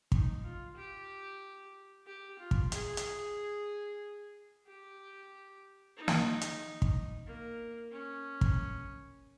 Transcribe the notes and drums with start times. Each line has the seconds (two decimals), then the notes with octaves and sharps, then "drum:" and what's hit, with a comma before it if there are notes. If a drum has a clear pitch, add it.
0.12 D#4, drum: kick
0.44 F4
0.76 G4
2.06 G4
2.39 F4
2.51 drum: kick
2.72 G#4, drum: hi-hat
2.97 drum: hi-hat
4.67 G4
5.97 D#4
6.08 drum: snare
6.41 drum: hi-hat
6.82 drum: kick
7.27 A#3
7.92 C#4
8.41 drum: kick